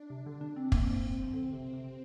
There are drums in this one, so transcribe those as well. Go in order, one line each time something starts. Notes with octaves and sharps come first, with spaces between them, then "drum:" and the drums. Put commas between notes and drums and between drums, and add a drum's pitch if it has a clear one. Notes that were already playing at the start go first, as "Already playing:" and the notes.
Already playing: D4
C3
D3
D4
C4
A#3 C4, drum: kick
F3
D3
C3
C3